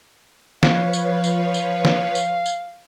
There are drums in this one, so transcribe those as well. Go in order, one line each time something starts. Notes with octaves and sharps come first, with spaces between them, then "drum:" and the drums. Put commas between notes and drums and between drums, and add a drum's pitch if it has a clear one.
F3 B4 C#5 F5, drum: snare
drum: tambourine
drum: tambourine
drum: tambourine
drum: snare
drum: tambourine
drum: tambourine